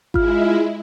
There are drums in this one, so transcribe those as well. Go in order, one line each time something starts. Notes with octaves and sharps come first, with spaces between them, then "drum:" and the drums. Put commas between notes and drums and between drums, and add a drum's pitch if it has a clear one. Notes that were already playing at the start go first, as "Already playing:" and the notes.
G#3 E4 F4 F6, drum: kick G#1